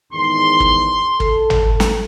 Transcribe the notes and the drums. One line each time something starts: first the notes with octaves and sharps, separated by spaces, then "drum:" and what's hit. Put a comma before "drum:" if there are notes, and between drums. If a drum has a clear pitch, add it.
E2 G#2 D#3 C6
drum: kick
A4, drum: kick
drum: tom
drum: snare